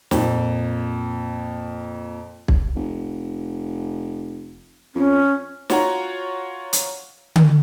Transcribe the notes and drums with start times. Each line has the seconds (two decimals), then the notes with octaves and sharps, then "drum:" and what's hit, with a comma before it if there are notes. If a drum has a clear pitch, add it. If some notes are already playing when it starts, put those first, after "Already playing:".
0.11 F2 A#2, drum: snare
2.48 drum: kick
2.76 F1
4.95 F2 C#4
5.70 F4 F#4 C#5 F#5 A#5, drum: snare
6.73 drum: hi-hat
7.36 drum: tom D3